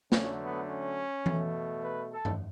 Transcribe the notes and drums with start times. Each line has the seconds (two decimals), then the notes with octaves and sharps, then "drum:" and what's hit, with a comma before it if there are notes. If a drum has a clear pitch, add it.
0.12 D3 F#3 A3 C#4, drum: snare
0.41 B3
0.69 C#4
1.26 B2 A3, drum: tom E3
1.83 B4
2.12 A4
2.25 drum: tom G2